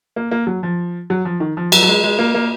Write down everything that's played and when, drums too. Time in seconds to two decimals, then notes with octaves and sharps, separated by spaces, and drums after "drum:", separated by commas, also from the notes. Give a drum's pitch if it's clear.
0.16 A#3
0.31 A#3
0.47 F#3
0.63 F3
1.10 F#3
1.25 F3
1.40 D#3
1.57 F3
1.72 F#3, drum: cymbal
1.82 F#3
1.88 G#3
2.04 G#3
2.19 A#3
2.34 A#3